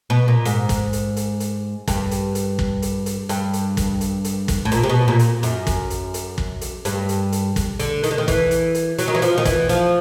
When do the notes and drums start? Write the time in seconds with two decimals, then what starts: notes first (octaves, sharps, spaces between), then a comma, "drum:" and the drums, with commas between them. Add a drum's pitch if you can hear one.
0.10 B2
0.28 A#2
0.45 G#2, drum: hi-hat
0.69 drum: kick, hi-hat
0.93 drum: hi-hat
1.17 drum: hi-hat
1.40 drum: hi-hat
1.88 G2, drum: kick, hi-hat
2.11 drum: hi-hat
2.35 drum: hi-hat
2.59 drum: kick
2.82 drum: hi-hat
3.06 drum: hi-hat
3.29 G2, drum: hi-hat
3.53 drum: hi-hat
3.77 drum: kick, hi-hat
4.01 drum: hi-hat
4.24 drum: hi-hat
4.48 drum: kick, hi-hat
4.65 A2
4.72 A#2, drum: hi-hat
4.83 C3
4.89 B2
5.08 A#2
5.19 drum: hi-hat
5.43 F#2, drum: hi-hat
5.67 drum: kick, hi-hat
5.90 drum: hi-hat
6.14 drum: hi-hat
6.38 drum: kick
6.61 drum: hi-hat
6.85 G2, drum: hi-hat
7.09 drum: hi-hat
7.32 drum: hi-hat
7.56 drum: kick, hi-hat
7.79 D3, drum: hi-hat
8.04 D#3, drum: hi-hat
8.11 D3
8.18 D#3
8.28 E3, drum: kick, hi-hat
8.51 drum: hi-hat
8.75 drum: hi-hat
8.99 F#3, drum: hi-hat
9.08 D#3
9.15 E3
9.22 F3, drum: hi-hat
9.38 D#3
9.45 E3, drum: kick, hi-hat
9.69 F3, drum: hi-hat